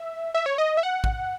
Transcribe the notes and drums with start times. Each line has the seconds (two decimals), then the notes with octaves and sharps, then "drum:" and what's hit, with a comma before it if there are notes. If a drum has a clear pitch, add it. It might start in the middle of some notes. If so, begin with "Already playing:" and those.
Already playing: E5
0.34 E5
0.46 C#5
0.58 D#5
0.77 E5
0.83 F#5
1.04 drum: kick